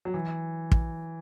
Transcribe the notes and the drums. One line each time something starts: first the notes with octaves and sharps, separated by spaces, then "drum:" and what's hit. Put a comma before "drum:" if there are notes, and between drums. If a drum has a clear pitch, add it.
F#3
E3
drum: kick